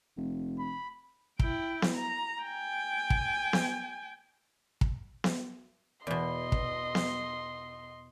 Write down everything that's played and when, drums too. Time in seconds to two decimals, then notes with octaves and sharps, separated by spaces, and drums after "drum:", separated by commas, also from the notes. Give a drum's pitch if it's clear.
0.17 F1
0.59 B5
1.40 E4 G5, drum: kick
1.82 drum: snare B3
1.95 A#5
2.43 G5 G#5
3.10 drum: kick
3.53 drum: snare B3
4.81 drum: kick
5.24 drum: snare B3
6.07 E2 B2 D#5 C6
6.52 drum: kick
6.95 drum: snare B3